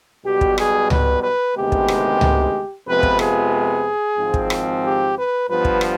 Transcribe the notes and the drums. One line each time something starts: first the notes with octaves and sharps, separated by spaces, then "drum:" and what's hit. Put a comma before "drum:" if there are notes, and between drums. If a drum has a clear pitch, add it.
B1 B2 G3 G4
drum: kick
G#4, drum: rim click
B4, drum: tom C#2
B4
D2 C3 D#3 G#3 B3 G4
drum: kick
drum: rim click
drum: tom C#2
F2 C3 F3 G#3 B3 B4
drum: kick
G#4, drum: rim click
G#1 G#2 F3 C4
drum: kick
drum: rim click
G4
B4
G2 F3 B3 B4
drum: kick
drum: rim click